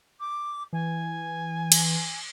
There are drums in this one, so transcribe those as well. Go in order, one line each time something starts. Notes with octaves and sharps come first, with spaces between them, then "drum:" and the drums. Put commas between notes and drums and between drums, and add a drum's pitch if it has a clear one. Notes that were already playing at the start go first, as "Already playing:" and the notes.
D6
E3 G#5
drum: cymbal